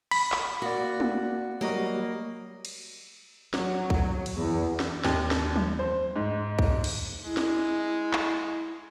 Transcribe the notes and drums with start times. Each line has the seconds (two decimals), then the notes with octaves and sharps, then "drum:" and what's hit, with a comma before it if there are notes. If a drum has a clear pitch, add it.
0.11 B5, drum: cymbal
0.32 drum: clap
0.62 A#3 F#4 D5
1.00 drum: tom
1.61 F#3 G3 A#3 F#4 D#5
2.65 drum: cymbal
3.54 F#3, drum: snare
3.90 drum: kick
4.26 drum: cymbal
4.37 E2
4.80 drum: snare
5.04 D#2, drum: snare
5.31 drum: snare
5.56 drum: tom
5.79 C5
6.16 G#2
6.59 drum: kick
6.84 drum: cymbal
7.25 G#3 E4
7.37 drum: snare
8.13 drum: clap